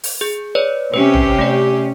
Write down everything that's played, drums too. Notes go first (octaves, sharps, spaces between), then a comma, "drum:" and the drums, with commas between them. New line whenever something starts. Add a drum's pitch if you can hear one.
drum: open hi-hat
G#4 G6
B4 C#5 D5
C3 C#4 G4 B4
drum: tom A1
A3 D5